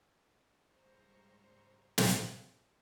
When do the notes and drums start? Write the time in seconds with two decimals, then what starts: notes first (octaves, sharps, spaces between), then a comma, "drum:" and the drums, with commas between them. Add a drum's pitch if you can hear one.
0.70 G#2 C#3 G3 C5 A#5 C#6
1.98 drum: snare